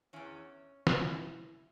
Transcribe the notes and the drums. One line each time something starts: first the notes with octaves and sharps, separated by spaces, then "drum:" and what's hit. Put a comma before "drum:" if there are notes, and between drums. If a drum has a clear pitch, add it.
E2 E3 C#4
G#2 E3 E4, drum: snare